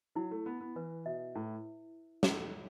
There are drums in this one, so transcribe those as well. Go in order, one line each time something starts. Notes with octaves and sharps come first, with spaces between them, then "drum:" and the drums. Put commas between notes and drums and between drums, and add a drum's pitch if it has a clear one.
F#3 E4
A3
B3 E4
B3
E3 B4
B2 E5
A2 E4
drum: snare